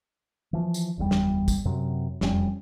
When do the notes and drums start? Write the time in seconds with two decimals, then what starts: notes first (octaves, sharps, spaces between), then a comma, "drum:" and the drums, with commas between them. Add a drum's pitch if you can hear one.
0.53 E3 F3
0.74 drum: tambourine
0.98 F#1 E2 B2 G3
1.11 drum: snare
1.48 drum: kick, tambourine
1.65 F#2 C3 F#3
2.21 E1 F2 G3 C#4, drum: snare